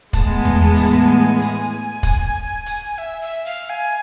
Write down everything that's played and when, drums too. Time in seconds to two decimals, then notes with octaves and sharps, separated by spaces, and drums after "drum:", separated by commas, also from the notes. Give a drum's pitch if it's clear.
0.13 A2 E3 G#3 B3 A5, drum: kick, hi-hat
0.45 drum: tom E2
0.77 drum: hi-hat
1.08 G#5
1.40 drum: open hi-hat
2.03 drum: kick, hi-hat
2.66 drum: hi-hat
2.98 E5
3.22 E5
3.45 F5
3.69 G#5